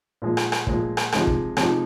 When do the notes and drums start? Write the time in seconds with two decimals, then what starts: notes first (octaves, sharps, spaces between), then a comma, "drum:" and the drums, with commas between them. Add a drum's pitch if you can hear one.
0.22 A#2 F3 G#3
0.37 drum: rim click
0.52 drum: rim click
0.67 A#2 F3 G#3, drum: kick
0.97 drum: rim click
1.12 C3 F3 G#3 D#4, drum: rim click
1.27 drum: kick
1.57 C3 F3 G#3 D#4, drum: rim click